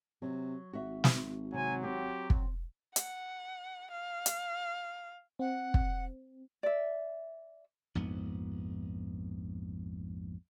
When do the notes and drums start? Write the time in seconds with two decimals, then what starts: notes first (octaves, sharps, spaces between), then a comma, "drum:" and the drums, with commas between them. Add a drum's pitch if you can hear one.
0.22 C3 F#3
0.73 G#1 F#4 E5
1.04 drum: snare
1.54 C3 F#3 G#5
1.83 C4 G4
2.30 drum: kick
2.96 F#5, drum: hi-hat
3.91 F5
4.26 drum: hi-hat
5.39 C4 F#5
5.74 drum: kick
6.63 D5 E5
7.95 A#1 F2 G#2 B3